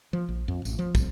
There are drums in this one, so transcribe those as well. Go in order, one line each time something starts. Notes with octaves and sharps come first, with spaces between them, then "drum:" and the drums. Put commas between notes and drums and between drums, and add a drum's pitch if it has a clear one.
F3
A#1
F2
A1, drum: tambourine
F3
C2, drum: kick, tambourine